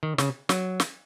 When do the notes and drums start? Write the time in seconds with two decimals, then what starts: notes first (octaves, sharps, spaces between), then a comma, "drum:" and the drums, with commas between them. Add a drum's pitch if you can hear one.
0.03 D#3
0.18 C#3, drum: snare
0.49 F#3, drum: snare
0.80 drum: snare